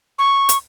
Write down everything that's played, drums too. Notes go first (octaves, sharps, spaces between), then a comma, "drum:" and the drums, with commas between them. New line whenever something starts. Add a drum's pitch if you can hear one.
C#6
drum: hi-hat